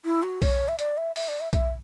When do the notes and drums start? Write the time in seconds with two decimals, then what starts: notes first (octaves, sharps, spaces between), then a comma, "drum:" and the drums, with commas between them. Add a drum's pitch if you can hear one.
0.05 E4
0.23 F#4
0.42 C#5, drum: kick B1, open hi-hat
0.68 E5
0.79 D5, drum: hi-hat
0.97 E5
1.16 E5, drum: open hi-hat
1.28 D5
1.40 E5
1.53 E5, drum: kick B1, hi-hat